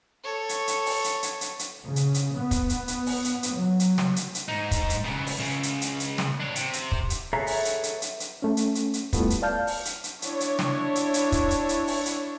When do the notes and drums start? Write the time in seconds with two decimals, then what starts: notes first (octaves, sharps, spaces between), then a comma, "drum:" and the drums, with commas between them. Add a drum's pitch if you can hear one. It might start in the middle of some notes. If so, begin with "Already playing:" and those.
0.24 A4 C#5
0.49 drum: hi-hat
0.68 drum: hi-hat
0.86 drum: open hi-hat
1.04 drum: hi-hat
1.23 drum: hi-hat
1.41 drum: hi-hat
1.59 drum: hi-hat
1.85 C#3
1.96 drum: hi-hat
2.14 drum: hi-hat
2.37 B3
2.51 drum: kick, hi-hat
2.69 drum: hi-hat
2.88 drum: hi-hat
3.06 drum: open hi-hat
3.24 drum: hi-hat
3.43 drum: hi-hat
3.52 F#3
3.80 drum: hi-hat
3.98 drum: snare
4.16 drum: hi-hat
4.35 drum: hi-hat
4.48 G#2 D#4
4.71 drum: kick, hi-hat
4.90 drum: hi-hat
5.05 C#3 B3
5.26 drum: open hi-hat
5.39 C#2 C#3
5.63 drum: hi-hat
5.81 drum: hi-hat
6.00 drum: hi-hat
6.18 drum: snare
6.40 D4 C#5
6.56 C3, drum: hi-hat
6.73 drum: hi-hat
6.92 drum: kick
7.10 drum: hi-hat
7.33 G#4 A4 B4 C#5 E5 A#5
7.47 drum: open hi-hat
7.65 drum: hi-hat
7.83 drum: hi-hat
8.02 drum: hi-hat
8.20 drum: hi-hat
8.42 A3 C#4
8.57 drum: hi-hat
8.75 drum: hi-hat
8.94 drum: hi-hat
9.13 G3 A3 B3 E4 F4, drum: kick, hi-hat
9.30 drum: hi-hat
9.42 D5 F5 A5 F6 G6
9.67 drum: open hi-hat
9.85 drum: hi-hat
10.04 drum: hi-hat
10.22 D4 E4 C#5, drum: hi-hat
10.40 drum: hi-hat
10.59 drum: snare
10.95 drum: hi-hat
11.14 drum: hi-hat
11.32 drum: kick, hi-hat
11.51 drum: hi-hat
11.69 drum: hi-hat
11.87 drum: open hi-hat
12.06 drum: hi-hat